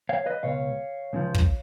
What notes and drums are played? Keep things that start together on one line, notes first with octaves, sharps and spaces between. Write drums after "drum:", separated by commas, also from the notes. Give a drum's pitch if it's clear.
C#5 F5
B4 D#5
C#2 B2 C#5 F5
C#2 C#3 F3
drum: kick